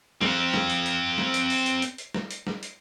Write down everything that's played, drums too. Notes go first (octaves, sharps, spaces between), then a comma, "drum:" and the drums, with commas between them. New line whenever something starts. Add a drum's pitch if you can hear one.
C4 F5, drum: snare
drum: snare
drum: hi-hat
drum: hi-hat
drum: snare
drum: hi-hat
drum: open hi-hat
drum: hi-hat
drum: hi-hat
drum: hi-hat
drum: snare
drum: hi-hat
drum: snare
drum: hi-hat